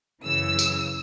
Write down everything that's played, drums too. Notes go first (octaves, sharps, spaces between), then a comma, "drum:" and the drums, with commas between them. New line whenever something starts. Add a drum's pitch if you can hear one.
F#2 C#3 E3 E6
drum: tambourine